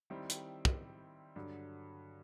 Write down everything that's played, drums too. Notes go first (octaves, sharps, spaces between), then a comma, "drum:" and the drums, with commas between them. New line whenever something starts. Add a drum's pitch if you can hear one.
D#3 G3 C4 E4
drum: hi-hat
drum: kick
G2 D3 F#3